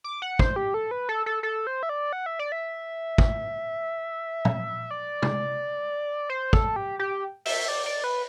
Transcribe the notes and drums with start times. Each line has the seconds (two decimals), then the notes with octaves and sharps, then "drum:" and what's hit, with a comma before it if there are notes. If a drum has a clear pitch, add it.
0.04 D6
0.22 F#5
0.39 C5, drum: kick
0.56 G4
0.74 A4
0.91 B4
1.09 A4
1.26 A4
1.43 A4
1.67 C5
1.83 E5
1.89 D5
2.13 F#5
2.26 E5
2.39 D5
2.52 E5
3.18 drum: kick
4.45 drum: tom
4.91 D5
5.22 drum: tom
6.29 C5
6.53 A4, drum: kick
6.76 G4
6.99 G4
7.46 E5, drum: open hi-hat
7.68 D5
7.86 D5
8.04 B4